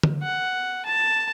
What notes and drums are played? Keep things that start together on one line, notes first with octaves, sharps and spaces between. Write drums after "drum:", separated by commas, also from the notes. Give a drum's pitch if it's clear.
drum: tom D3
F#5
A5